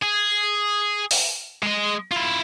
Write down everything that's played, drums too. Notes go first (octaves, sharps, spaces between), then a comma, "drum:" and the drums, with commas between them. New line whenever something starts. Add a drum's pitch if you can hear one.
G#4
drum: open hi-hat
G#3 D#5
E4 F4